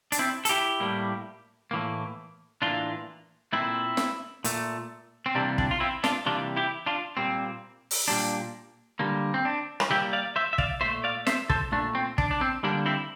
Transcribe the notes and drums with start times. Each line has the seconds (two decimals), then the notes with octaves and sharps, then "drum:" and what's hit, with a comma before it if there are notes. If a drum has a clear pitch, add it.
0.12 D4, drum: hi-hat
0.19 C4 E4
0.45 A4, drum: hi-hat
0.49 E4 G4
0.80 A2 G3 A#3
1.71 A2 E3 A#3
2.62 A2 E3 A#3 D4 F4
3.53 A#2 A3 C4 E4
3.97 drum: snare
4.44 A#2 A3, drum: hi-hat
5.26 C4
5.35 C3 E3 G3 A#3 D4
5.58 D4, drum: kick
5.71 F4
5.80 C4 E4
6.04 D4 F4, drum: snare
6.26 C3 E3 G3 A#3 D4 F4
6.57 E4 G4
6.86 D4 F4
7.17 A#2 G3 A#3 C4
7.91 drum: open hi-hat
8.08 A#2 G3 A#3 D4
8.99 D3 G3 A#3
9.34 C4
9.45 D4
9.80 drum: rim click
9.90 D3 G3 A#3 E4 G4
10.13 D5 F5
10.36 C5 E5
10.53 E5
10.58 D5 F5, drum: kick
10.81 A#2 A3 C5 E5
11.04 D5 F5
11.27 C5 E5, drum: snare
11.50 A4 C5, drum: kick
11.72 A#2 A3 D4
11.95 C4
12.18 D4, drum: kick
12.31 D4
12.41 C4
12.63 D3 G3 A#3 D4
12.86 C4 E4